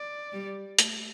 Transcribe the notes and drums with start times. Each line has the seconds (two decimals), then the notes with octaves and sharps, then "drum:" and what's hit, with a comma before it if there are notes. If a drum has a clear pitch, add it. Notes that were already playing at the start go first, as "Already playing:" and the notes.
Already playing: D5
0.33 G3
0.79 A3, drum: hi-hat